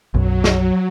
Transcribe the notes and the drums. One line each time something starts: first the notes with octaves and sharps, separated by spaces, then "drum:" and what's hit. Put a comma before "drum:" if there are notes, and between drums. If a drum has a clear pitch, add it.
B1 F#2 F#3
drum: snare